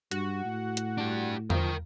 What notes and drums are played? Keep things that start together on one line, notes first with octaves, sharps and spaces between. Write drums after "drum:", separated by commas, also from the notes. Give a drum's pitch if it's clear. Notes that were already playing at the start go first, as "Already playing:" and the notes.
G2 F#4, drum: hi-hat
A2
drum: hi-hat
D4 G4
F3 A#4 G5, drum: tom E2